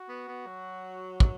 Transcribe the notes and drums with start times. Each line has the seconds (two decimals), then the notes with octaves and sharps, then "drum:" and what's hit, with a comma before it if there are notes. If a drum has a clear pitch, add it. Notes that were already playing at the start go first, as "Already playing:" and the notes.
Already playing: F#4
0.09 B3
0.28 B3
0.46 F#3
1.20 drum: kick